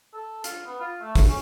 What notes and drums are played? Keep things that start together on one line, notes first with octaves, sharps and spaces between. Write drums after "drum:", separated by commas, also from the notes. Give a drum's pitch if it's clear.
A4
F4, drum: hi-hat
B3
F4
A3
drum: kick, open hi-hat
C#4